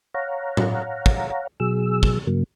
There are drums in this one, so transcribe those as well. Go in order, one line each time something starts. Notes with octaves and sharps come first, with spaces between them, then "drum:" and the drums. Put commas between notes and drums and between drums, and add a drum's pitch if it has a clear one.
C#5 F5 F#5 A#5
drum: tom A2
drum: kick
B2 F#3 G#4 E6
drum: kick
G2 C#3 F#3 A#3